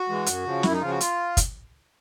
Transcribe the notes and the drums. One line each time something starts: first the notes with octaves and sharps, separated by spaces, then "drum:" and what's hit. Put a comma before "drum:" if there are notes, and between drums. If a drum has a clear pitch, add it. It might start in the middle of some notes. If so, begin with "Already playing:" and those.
Already playing: F#4
E3 G#3
F#2, drum: hi-hat
C#3 F3
F#2 E4, drum: snare
D#4
C#3 F3 F4
F#4
F4, drum: hi-hat
drum: kick, hi-hat